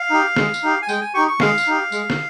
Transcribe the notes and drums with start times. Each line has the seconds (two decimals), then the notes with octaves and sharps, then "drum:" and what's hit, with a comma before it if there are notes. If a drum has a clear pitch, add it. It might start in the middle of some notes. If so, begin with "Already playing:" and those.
Already playing: F5
0.10 D#4 G4
0.37 G#3, drum: snare
0.54 drum: tambourine
0.63 D#4 G4
0.82 G#5
0.89 G#3 G5, drum: tambourine
1.01 G#5
1.14 D#4 G4 C#6
1.28 C#6
1.40 G#3 F5, drum: snare
1.58 drum: tambourine
1.67 D#4 G4
1.92 G#3, drum: tambourine
2.10 drum: snare